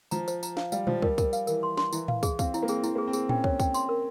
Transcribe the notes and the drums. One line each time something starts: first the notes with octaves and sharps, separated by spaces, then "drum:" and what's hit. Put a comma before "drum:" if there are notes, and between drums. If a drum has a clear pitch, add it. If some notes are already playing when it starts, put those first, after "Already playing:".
F3 A#5, drum: tambourine
C5, drum: tambourine
A#5, drum: tambourine
F5, drum: snare
G3 F5, drum: tambourine
F3 C5, drum: tom A#2
G3 A#4, drum: kick
A#4, drum: kick, tambourine
F5, drum: tambourine
E3 A#4, drum: tambourine
C6
C6, drum: snare
E3 E4, drum: tambourine
F5, drum: tom A2
G#4, drum: kick, tambourine
C4 F5, drum: kick, tambourine
E4, drum: tambourine
A#3
C4 G#4, drum: tambourine
C4 E4, drum: tambourine
A#3 G#4
C4
G#4, drum: tambourine
C#4 G5, drum: tom A2
C#5, drum: kick
G5, drum: kick, tambourine
C6, drum: tambourine
A#4